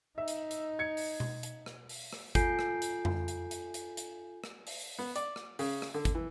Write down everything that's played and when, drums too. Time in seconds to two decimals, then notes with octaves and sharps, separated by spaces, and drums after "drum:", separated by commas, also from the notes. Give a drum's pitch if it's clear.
0.18 D#4 E5
0.28 drum: hi-hat
0.51 drum: hi-hat
0.79 G#6 C#7
0.97 drum: open hi-hat
1.20 drum: tom B2
1.43 drum: hi-hat
1.66 drum: rim click
1.89 drum: open hi-hat
2.13 drum: rim click
2.35 F4 A4 G#5 G6 C7 D7, drum: kick, hi-hat
2.59 drum: rim click
2.82 drum: hi-hat
3.05 drum: tom F2
3.28 drum: hi-hat
3.51 drum: hi-hat
3.74 drum: hi-hat
3.97 drum: hi-hat
4.44 drum: rim click
4.67 drum: open hi-hat
4.99 B3
5.16 D5, drum: hi-hat
5.36 drum: rim click
5.59 C#3, drum: open hi-hat
5.82 drum: rim click
5.94 D3
6.05 drum: kick, hi-hat
6.15 E3